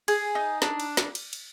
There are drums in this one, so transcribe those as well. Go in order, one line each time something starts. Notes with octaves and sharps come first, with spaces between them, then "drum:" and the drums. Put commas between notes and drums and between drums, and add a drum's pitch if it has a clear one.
G#4, drum: cymbal
D#4
D4, drum: snare
drum: cymbal
drum: snare
drum: cymbal
drum: cymbal